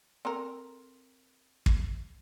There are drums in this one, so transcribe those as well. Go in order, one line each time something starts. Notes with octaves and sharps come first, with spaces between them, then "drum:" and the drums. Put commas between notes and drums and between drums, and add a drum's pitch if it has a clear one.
C4 A4 A#4
drum: kick